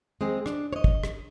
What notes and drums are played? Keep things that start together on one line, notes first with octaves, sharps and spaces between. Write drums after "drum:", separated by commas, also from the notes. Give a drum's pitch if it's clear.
G#3 C4 G#4
D4, drum: rim click
C#5 D#5
drum: kick
drum: rim click